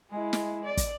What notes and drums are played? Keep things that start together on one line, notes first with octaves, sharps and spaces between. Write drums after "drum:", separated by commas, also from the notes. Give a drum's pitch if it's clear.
G#3 E4
drum: snare
D5
drum: kick, hi-hat